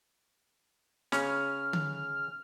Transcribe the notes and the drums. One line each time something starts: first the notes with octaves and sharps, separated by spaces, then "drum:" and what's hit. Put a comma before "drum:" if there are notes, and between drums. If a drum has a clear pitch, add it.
C#3 C#4 F6, drum: snare
drum: tom D3